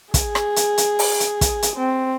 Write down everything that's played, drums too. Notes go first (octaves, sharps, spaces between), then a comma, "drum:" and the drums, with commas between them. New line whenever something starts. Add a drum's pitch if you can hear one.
G#4, drum: kick, hi-hat
drum: rim click
drum: hi-hat
drum: hi-hat
drum: open hi-hat
drum: hi-hat
drum: kick, hi-hat
drum: hi-hat
C4